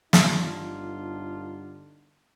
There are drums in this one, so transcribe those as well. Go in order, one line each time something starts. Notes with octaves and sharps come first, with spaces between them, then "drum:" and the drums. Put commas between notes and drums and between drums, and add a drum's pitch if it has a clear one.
G1 D3 D4 D#4 F4, drum: snare